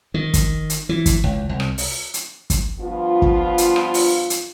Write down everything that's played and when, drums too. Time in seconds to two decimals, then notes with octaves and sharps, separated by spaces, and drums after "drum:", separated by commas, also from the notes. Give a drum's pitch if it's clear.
0.14 D#3
0.34 drum: kick, hi-hat
0.70 drum: hi-hat
0.89 E3
1.06 drum: kick, hi-hat
1.24 C#2
1.49 C2
1.60 drum: rim click
1.78 drum: open hi-hat
2.14 drum: hi-hat
2.50 drum: kick, hi-hat
2.80 G2 F3 B3 F4
3.22 drum: kick
3.58 drum: hi-hat
3.76 drum: rim click
3.94 drum: open hi-hat
4.30 drum: hi-hat